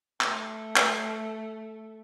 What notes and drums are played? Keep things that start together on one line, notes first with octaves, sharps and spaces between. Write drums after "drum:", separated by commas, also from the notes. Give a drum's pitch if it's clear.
A3, drum: clap
drum: clap